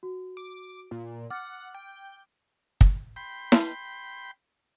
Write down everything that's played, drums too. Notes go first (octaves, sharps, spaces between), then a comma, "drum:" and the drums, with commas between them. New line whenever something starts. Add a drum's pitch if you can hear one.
F#4
D6
A#2
F#5 D6 F6 A6
G5
drum: kick
G5 B5 C6
drum: snare E4